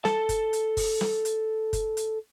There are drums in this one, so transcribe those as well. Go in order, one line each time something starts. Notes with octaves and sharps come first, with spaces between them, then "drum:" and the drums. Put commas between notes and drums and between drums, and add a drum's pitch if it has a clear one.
A4 A5, drum: snare
drum: kick F#1, hi-hat
drum: hi-hat
drum: kick F#1, open hi-hat
drum: snare
drum: hi-hat
drum: kick F#1, hi-hat
drum: hi-hat